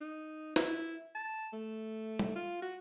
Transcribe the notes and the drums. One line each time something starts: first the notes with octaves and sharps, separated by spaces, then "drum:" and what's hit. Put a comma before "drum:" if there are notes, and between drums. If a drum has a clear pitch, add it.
D#4
E4, drum: snare
A5
A3
drum: tom G3
F4
F#4